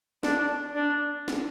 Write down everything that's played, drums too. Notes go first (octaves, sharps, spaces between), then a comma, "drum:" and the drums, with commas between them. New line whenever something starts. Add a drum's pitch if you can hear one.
D4, drum: snare
D4
drum: snare